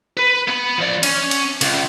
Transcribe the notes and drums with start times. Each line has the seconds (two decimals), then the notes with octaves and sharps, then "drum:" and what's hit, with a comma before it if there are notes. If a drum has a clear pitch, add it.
0.17 B4
0.48 B3 B5
0.79 F3 D5
1.03 C#4, drum: cymbal
1.31 drum: cymbal
1.61 C#2, drum: cymbal